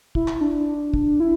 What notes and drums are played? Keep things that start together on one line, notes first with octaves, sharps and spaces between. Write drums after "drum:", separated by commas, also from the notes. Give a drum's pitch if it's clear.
E4, drum: kick
drum: clap
D4
drum: kick
E4